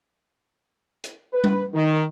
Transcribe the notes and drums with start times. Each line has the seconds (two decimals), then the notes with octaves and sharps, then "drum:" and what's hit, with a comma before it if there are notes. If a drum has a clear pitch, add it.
1.04 drum: hi-hat
1.34 B4
1.44 drum: tom G3
1.74 D#3